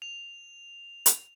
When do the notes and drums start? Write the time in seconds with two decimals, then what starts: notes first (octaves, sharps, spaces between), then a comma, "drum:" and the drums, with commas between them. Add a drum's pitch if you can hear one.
0.02 F7
1.06 drum: hi-hat